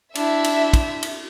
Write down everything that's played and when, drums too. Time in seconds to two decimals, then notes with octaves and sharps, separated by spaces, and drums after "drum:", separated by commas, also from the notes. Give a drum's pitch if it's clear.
0.15 D4 E4 E5, drum: cymbal
0.44 drum: cymbal
0.73 drum: kick, cymbal
1.03 drum: cymbal